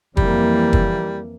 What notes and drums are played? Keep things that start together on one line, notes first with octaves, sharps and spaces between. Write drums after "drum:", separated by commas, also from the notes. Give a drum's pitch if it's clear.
F2 E3 G3 A#3, drum: kick
drum: kick